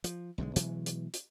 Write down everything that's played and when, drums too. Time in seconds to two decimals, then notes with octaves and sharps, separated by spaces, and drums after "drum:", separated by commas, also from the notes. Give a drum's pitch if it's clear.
0.04 F3, drum: hi-hat
0.38 B1 D3 F3 G#3
0.56 B2 E3 F#3 G#3, drum: hi-hat
0.86 drum: hi-hat
1.14 drum: hi-hat